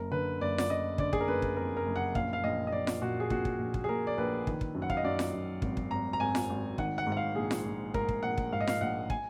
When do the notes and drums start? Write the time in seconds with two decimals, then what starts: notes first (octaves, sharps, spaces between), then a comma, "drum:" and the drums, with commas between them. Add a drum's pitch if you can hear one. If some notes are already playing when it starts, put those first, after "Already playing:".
Already playing: F#1 A#4
0.11 D3 B4
0.41 F#1 D5
0.58 D5, drum: snare F4
0.70 F#1 D#5
0.98 D3 D5, drum: kick
1.13 G#4, drum: kick
1.21 A#4
1.28 F#1 B4
1.42 drum: kick
1.56 F2 A#4
1.77 A#4
1.86 F#1
1.96 F#5
2.15 A#1 F5, drum: kick
2.33 F5
2.44 A#1 D#5
2.67 D#5
2.72 A#1 D5
2.87 drum: snare F4
3.01 A#2 F#4
3.20 G#4
3.30 A#1 F#4, drum: kick
3.45 drum: kick
3.59 A#1
3.74 drum: kick
3.84 G#4
3.88 A#2 A#4
4.07 D5
4.18 A#1 B4
4.47 D#3, drum: kick
4.61 drum: kick
4.75 F#2
4.82 F#5
4.90 F5, drum: kick
4.97 D#5
5.04 F#2 D5
5.19 drum: snare F4
5.33 F#2
5.62 G#1, drum: kick
5.77 drum: kick
5.91 G#1 A#5
6.13 A#5
6.20 G#1 G#5
6.35 drum: snare F4
6.50 G#1
6.78 D#3 F#5, drum: kick
6.98 F#5
7.07 G#2
7.12 F#5
7.17 F5
7.36 A#1 G#4
7.51 drum: snare F4
7.65 A#1
7.94 G#2 A#4, drum: kick
8.09 drum: kick
8.23 A#1 F#5
8.38 drum: kick
8.52 G#2 F5
8.60 D#5
8.67 F5, drum: snare F4
8.81 A#1 F#5
9.10 G#5, drum: kick